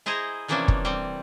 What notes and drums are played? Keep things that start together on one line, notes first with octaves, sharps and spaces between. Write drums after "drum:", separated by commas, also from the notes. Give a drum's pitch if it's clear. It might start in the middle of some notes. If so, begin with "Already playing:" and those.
E4 G#4 C5 D#5 A#5
C3 E3 F3 A#3 C#4 D4
drum: kick
G3 C4